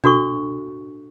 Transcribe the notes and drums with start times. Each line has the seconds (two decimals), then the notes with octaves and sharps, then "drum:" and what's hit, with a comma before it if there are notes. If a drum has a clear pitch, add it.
0.04 D4 F#4 A4 C#6, drum: tom B2